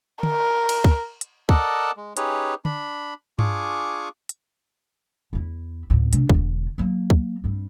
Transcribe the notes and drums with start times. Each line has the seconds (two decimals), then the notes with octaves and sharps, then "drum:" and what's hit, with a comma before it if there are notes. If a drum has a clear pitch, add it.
0.23 A#4, drum: tom
0.69 drum: cymbal
0.84 drum: kick
1.21 drum: hi-hat
1.49 A4 A#4 D5 D#5 F#5 A5, drum: kick
1.97 G#3
2.17 C#4 D#4 G4 G#4 B4 C#5, drum: hi-hat
2.65 D4 B5, drum: tom
3.39 D4 F4 G#4 G#5 C#6 D6, drum: tom G2
4.29 drum: hi-hat
5.33 E2 E4
5.90 D2 A2
6.13 C3 D4, drum: hi-hat
6.29 E1 D3, drum: kick
6.78 F#3 A#3
7.10 drum: kick
7.44 G2 C4